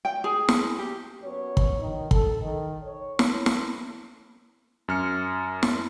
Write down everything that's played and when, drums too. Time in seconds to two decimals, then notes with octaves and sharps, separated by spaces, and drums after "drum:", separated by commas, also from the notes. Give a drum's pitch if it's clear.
0.05 G5
0.24 G#4
0.49 drum: snare
0.78 G4
1.23 F#2 B3 F#4 C#5
1.57 drum: kick
1.79 D#3
2.11 A4, drum: kick
2.41 D#3
2.83 C#5
3.19 drum: snare
3.46 drum: snare
4.88 F#2 F6 C#7
5.63 drum: snare